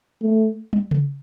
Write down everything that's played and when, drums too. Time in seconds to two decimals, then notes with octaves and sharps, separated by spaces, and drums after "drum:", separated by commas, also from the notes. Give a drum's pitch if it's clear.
0.22 A3
0.73 drum: tom
0.91 drum: tom C#3